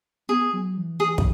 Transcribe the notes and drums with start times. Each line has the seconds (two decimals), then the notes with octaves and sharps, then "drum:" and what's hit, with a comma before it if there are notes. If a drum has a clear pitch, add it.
0.29 B3 G#4
0.53 F#3
0.77 E3
1.00 E3 G#4
1.18 drum: kick